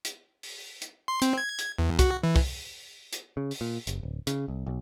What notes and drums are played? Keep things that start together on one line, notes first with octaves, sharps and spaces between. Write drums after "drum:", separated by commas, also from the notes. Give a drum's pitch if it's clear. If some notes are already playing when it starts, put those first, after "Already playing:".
drum: hi-hat
drum: open hi-hat
drum: hi-hat
C6
C4, drum: hi-hat
G#6
drum: hi-hat
E2
F#4, drum: kick, hi-hat
E3
drum: kick, open hi-hat
drum: hi-hat
C#3
drum: open hi-hat
A#2
F#1, drum: hi-hat
D1
C#3, drum: hi-hat
C2
B1